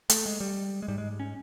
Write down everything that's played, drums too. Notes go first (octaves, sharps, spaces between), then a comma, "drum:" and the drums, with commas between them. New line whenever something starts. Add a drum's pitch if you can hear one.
A3, drum: hi-hat
G#3
G3
G#3
G#2 G3
G#3
C#4